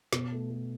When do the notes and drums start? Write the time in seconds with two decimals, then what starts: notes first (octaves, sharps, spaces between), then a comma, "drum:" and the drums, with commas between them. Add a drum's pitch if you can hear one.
0.13 B2, drum: snare
0.33 A3
0.50 A3